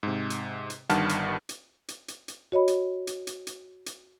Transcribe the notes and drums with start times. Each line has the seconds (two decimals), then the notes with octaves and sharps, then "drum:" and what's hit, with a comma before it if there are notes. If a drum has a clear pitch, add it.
0.03 G#2 C3
0.30 drum: hi-hat
0.70 drum: hi-hat
0.90 G1 G2 D#3 F#5 A5 F6, drum: hi-hat
1.09 drum: hi-hat
1.49 drum: hi-hat
1.88 drum: hi-hat
2.08 drum: hi-hat
2.28 drum: hi-hat
2.52 F#4 C#5 D#5 B5
2.68 drum: hi-hat
3.07 drum: hi-hat
3.27 drum: hi-hat
3.47 drum: hi-hat
3.86 drum: hi-hat